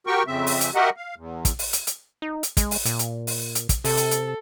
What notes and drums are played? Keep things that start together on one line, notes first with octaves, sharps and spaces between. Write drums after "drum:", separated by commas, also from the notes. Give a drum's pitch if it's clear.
F#4 G4 A#4 G5 C#6
F2 C#3 C4 E5
drum: open hi-hat
drum: hi-hat
F#4 G4 A#4 D#5 E5 F#5
F5
E2
drum: kick, hi-hat
drum: open hi-hat
drum: hi-hat
drum: hi-hat
D#4
drum: hi-hat
G#3, drum: kick, hi-hat
drum: open hi-hat
A#2, drum: hi-hat
drum: hi-hat
drum: open hi-hat
drum: hi-hat
drum: kick, hi-hat
C3 A4, drum: open hi-hat
drum: hi-hat
drum: hi-hat